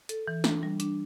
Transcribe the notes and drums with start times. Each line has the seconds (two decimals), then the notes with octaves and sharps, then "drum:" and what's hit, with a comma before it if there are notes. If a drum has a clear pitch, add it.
0.09 A4, drum: hi-hat
0.28 E3
0.44 D4, drum: snare
0.63 G3
0.80 D4, drum: hi-hat